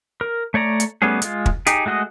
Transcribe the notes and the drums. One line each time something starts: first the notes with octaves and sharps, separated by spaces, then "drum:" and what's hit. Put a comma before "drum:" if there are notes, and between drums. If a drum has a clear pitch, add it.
A#4
A3 C#5 D5 A#5
drum: hi-hat
G3 A3 B3 C#4 G#4
G#3 F4, drum: hi-hat
drum: kick
D#4 G4 G#4, drum: hi-hat
G#3 A3 F#4 G#4 D#5